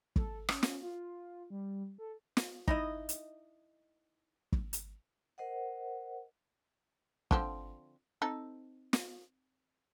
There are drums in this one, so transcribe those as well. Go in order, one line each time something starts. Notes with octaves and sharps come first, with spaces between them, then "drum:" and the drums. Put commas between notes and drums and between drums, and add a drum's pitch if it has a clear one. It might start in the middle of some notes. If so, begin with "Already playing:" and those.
A4, drum: kick
C#4, drum: rim click
drum: snare
F4
G3
A4
drum: snare
D#4 E4 D#5, drum: kick
drum: hi-hat
drum: kick
drum: hi-hat
A#4 C5 D#5 F#5
D3 F3 C4, drum: kick
C4 D#4 A4
drum: snare